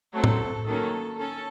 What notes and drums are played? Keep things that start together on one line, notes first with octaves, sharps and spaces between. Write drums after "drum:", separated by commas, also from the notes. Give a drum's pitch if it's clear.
F#3 A3 C4 A4
drum: tom A2
D#3 F#3 A#3 C#4 A4
C#4 A4